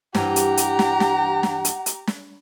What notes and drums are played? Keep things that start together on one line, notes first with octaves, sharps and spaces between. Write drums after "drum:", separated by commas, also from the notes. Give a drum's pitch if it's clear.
G2 E3 G4 F#5 A#5, drum: snare
drum: hi-hat
drum: hi-hat
drum: snare
drum: snare
drum: snare
drum: hi-hat
drum: hi-hat
drum: snare